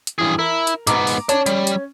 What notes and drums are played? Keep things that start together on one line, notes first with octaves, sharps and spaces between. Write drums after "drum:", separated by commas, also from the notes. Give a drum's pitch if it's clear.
drum: hi-hat
G2 E3 G#4
E4 A#4
drum: hi-hat
G#2 B3 A#5 D6, drum: hi-hat
drum: open hi-hat
C#4 C#5 D5 A5, drum: hi-hat
G3, drum: hi-hat
drum: hi-hat